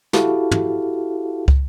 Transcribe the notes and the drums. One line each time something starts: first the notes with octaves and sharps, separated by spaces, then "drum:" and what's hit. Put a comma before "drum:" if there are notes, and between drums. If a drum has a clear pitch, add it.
E4 F#4 G4 A4 F5 A5, drum: snare
drum: tom
drum: kick